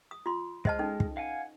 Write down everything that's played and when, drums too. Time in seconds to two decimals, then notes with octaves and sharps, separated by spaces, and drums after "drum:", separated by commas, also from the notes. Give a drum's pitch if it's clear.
0.11 D#6
0.26 F4 C6
0.65 G#3 C5 D#5 A5 F6, drum: kick
0.79 C#4 D#4 A4
1.00 drum: kick
1.17 F5 F#5 G#5